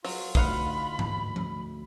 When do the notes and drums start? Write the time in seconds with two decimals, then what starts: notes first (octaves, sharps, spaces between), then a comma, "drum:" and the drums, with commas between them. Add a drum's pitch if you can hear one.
0.05 F#3 F4, drum: open hi-hat
0.35 D2 D#4 F5 F#5 B5, drum: kick
0.99 drum: tom G#2
1.36 drum: tom F3